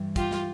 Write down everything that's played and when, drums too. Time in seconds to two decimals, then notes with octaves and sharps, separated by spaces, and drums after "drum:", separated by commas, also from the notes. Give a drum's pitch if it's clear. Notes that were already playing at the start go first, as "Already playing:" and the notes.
Already playing: G2 E3 G3
0.16 F4 G4, drum: kick, hi-hat
0.31 drum: snare